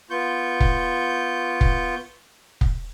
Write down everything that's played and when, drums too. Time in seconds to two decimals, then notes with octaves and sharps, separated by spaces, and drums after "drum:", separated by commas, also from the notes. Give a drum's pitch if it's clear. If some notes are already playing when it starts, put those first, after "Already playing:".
0.10 B3 F4 C#6 G6
0.60 drum: kick
1.61 drum: kick
2.61 drum: kick